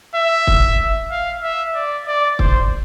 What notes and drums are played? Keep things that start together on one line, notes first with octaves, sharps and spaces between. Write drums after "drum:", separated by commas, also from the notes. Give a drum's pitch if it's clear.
E5
drum: kick
F5
E5
D5
D5
C5, drum: kick